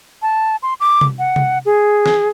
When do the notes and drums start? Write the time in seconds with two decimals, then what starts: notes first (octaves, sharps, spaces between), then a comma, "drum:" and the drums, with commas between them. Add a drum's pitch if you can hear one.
0.22 A5
0.63 C6
0.80 D6
1.01 drum: tom C3
1.19 F#5
1.36 drum: tom C3
1.65 G#4
2.06 drum: snare